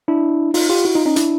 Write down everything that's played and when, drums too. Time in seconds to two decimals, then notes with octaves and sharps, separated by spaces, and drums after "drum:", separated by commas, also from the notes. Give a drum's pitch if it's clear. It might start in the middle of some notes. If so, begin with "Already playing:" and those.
0.08 D4 E4
0.54 D#4 F4, drum: open hi-hat
0.70 F4 G4
0.85 E4 F#4
0.95 D#4 F4
1.06 C#4 D#4
1.16 D4 E4, drum: hi-hat